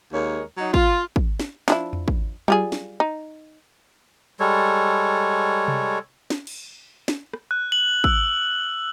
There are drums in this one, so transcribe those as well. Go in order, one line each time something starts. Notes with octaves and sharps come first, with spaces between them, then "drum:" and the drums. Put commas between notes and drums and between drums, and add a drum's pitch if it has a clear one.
D#2 G#3 A#4 C#5
F#3 D#4
F4, drum: kick
drum: kick
drum: snare
F3 D4 E4, drum: snare
drum: tom E2
drum: kick
G3 F4 G#4, drum: tom F#3
drum: snare
D#4
G3 G#3 A4 C#5
drum: tom C3
drum: snare
drum: cymbal
drum: snare
drum: rim click
F#6
F#7
E6, drum: kick